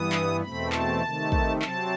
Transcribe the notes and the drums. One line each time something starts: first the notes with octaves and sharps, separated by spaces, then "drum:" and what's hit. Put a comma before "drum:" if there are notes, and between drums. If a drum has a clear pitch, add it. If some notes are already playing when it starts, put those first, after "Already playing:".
Already playing: G2 E3 B3 D#6
drum: clap
E2 B2 A3 C4 B5
A5, drum: clap
C3 D#3 A3
drum: kick
C3 F#3 C4 A5, drum: clap